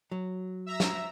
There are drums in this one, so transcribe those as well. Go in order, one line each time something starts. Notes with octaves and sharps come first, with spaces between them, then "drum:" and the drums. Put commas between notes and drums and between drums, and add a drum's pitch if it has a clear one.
F#3
E5 A#5 E6
drum: snare